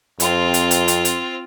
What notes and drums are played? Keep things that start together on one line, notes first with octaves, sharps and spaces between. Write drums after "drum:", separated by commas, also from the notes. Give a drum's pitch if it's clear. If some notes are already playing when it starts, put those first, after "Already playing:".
F2 C4 F4, drum: hi-hat
drum: hi-hat
drum: hi-hat
drum: hi-hat
drum: hi-hat